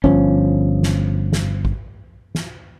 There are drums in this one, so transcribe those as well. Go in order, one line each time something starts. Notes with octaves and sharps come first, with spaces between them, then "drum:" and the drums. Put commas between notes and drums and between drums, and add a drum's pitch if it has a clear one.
G1 F3 C#4, drum: kick
drum: snare
drum: snare
drum: kick
drum: snare